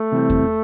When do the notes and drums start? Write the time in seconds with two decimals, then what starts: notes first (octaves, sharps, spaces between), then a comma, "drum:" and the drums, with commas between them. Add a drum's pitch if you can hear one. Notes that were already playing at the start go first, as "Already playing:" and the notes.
Already playing: A3
0.12 C3 E3 G3 C4
0.30 drum: kick E2